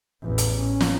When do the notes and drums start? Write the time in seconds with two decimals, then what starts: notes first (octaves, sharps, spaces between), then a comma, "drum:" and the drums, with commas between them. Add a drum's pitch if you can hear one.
0.22 A1 E2
0.38 drum: hi-hat
0.59 C#4
0.81 drum: snare